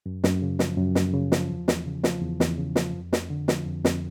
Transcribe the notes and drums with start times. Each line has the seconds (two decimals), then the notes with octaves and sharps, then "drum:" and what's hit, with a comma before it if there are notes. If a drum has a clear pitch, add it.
0.06 F#2
0.24 F#2, drum: snare
0.42 C#3
0.59 F3, drum: snare
0.77 F#2
0.95 F#2, drum: snare
1.14 C#3
1.32 F3, drum: snare
1.50 E2
1.68 E2, drum: snare
1.86 C#3
2.04 F3, drum: snare
2.22 E2
2.40 E2, drum: snare
2.58 C#3
2.76 F3, drum: snare
2.94 F2
3.13 F2, drum: snare
3.30 D3
3.48 F3, drum: snare
3.65 F2
3.85 F2, drum: snare